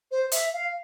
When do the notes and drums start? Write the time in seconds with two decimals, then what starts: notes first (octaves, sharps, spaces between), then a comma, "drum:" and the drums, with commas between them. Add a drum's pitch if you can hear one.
0.11 C5
0.32 E5, drum: hi-hat
0.53 F5